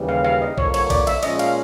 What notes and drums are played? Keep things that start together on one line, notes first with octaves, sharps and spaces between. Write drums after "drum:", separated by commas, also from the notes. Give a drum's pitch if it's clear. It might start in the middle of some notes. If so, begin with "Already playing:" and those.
Already playing: D#2 C#3 E3 G3
F5
F5
D#5
G2 D3 F3 A#3 C#5, drum: kick A#1
C#5, drum: cymbal
D5, drum: kick A#1, cymbal
E5, drum: cymbal
A#2 F3 G#3 C#4 D#5, drum: cymbal
F5, drum: cymbal